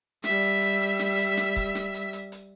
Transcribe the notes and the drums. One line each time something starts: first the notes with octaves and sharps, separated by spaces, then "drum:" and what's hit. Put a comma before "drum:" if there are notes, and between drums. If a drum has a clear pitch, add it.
G3 E5, drum: snare
drum: hi-hat
drum: hi-hat
drum: hi-hat
drum: snare
drum: hi-hat
drum: snare
drum: kick, hi-hat
drum: snare
drum: hi-hat
drum: hi-hat
drum: hi-hat